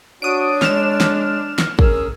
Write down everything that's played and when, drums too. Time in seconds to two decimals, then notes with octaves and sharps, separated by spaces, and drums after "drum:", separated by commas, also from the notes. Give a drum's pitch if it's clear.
0.22 D4 F#4 C#5 D#6 D7
0.62 G#3 F6 E7, drum: snare
1.00 drum: snare
1.58 drum: snare
1.79 C#4 G#4 A#4 E6, drum: kick